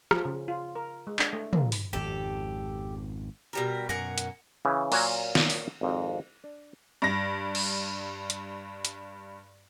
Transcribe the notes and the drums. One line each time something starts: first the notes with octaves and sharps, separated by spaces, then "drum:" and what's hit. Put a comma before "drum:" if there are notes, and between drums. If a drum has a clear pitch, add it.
F3, drum: rim click
C#3
F4
A#4
G#3
D4, drum: clap
A3
A#3, drum: tom
drum: open hi-hat
G#1 F2 G4 A4
B2 G3 A#4
F#2 B2 A#4 F#5 G#5
drum: hi-hat
C#3 E3
A#2 F#3 F#4 A#4 G#5, drum: cymbal
drum: snare
drum: open hi-hat
G#1 F2
D4
G2 A#6
drum: cymbal
drum: hi-hat
drum: hi-hat